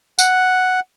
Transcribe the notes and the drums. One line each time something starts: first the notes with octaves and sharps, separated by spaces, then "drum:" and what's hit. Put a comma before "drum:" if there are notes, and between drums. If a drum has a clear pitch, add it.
F#5, drum: tambourine